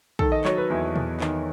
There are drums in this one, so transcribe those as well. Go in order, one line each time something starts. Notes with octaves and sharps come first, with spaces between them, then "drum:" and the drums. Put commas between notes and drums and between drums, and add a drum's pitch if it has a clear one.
D#3 A4, drum: kick
D#5
F#3 C#5, drum: clap
B4
E2 E4
E2, drum: tom A#2
D#3, drum: clap